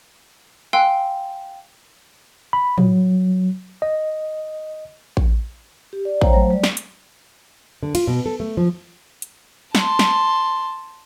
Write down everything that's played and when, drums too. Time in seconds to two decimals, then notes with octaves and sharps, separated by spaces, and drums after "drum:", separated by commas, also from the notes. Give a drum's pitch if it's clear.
0.73 F5 G5 G#5 C6 E6 F#6
2.53 B5
2.78 F#3, drum: tom A2
3.82 D#5
5.17 drum: kick A1
5.93 G4
6.05 D5
6.21 C5 C#5 F5 G5 A#5, drum: kick A1
6.33 F#3 A3 C5
6.50 G3 D5
6.64 drum: snare
6.77 drum: hi-hat
7.83 D3
7.95 F4, drum: cymbal
8.07 B2
8.26 A4
8.40 A3
8.57 F3
9.22 drum: hi-hat
9.75 A5 C6, drum: snare
9.99 drum: snare